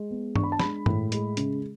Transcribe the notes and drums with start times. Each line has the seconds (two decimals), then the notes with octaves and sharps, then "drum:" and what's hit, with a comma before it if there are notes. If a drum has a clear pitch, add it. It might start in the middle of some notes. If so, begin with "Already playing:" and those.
Already playing: G#3
0.11 B3
0.36 D4 C#6, drum: tom G2
0.44 B5
0.52 A5
0.60 G#3 B5, drum: snare
0.86 A2, drum: tom G2
1.12 G#3, drum: hi-hat
1.37 C#3, drum: hi-hat